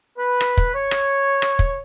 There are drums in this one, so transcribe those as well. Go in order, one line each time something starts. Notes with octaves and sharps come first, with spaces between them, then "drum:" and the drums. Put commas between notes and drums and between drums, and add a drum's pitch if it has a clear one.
B4
drum: rim click
drum: kick
C#5
drum: rim click
drum: rim click
drum: kick